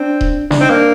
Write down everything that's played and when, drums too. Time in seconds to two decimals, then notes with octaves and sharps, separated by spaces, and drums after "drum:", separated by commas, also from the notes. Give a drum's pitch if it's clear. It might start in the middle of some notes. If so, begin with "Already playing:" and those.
Already playing: C4 D4
0.21 drum: kick D#1
0.51 D4, drum: snare
0.60 C4 D#4
0.70 A#3 D4